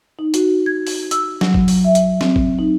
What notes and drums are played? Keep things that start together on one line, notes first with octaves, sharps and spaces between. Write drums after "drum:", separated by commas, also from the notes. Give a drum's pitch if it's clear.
D#4
F#4, drum: hi-hat
G#6
drum: open hi-hat
E6, drum: hi-hat
F#3, drum: snare
drum: kick G#1
drum: open hi-hat
E5
drum: hi-hat
C4, drum: snare
drum: kick G#1
D#4